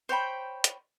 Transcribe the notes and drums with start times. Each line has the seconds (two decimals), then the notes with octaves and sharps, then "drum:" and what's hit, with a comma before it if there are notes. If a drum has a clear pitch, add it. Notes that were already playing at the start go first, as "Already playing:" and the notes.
0.09 C5 C#5 G5 B5
0.64 drum: hi-hat